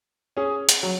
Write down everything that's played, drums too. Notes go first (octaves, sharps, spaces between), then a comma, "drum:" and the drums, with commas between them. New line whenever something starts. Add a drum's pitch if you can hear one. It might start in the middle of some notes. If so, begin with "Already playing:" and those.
C#4 G#4
drum: hi-hat
F#3